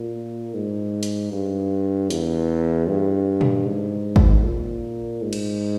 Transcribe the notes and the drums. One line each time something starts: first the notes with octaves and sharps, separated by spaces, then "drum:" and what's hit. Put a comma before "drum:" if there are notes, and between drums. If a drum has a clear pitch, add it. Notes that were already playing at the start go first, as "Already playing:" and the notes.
Already playing: A#2
G#2
drum: hi-hat
G2
E2, drum: hi-hat
G2
drum: tom A#2
G#2
drum: kick G#1
A#2
G#2
drum: cymbal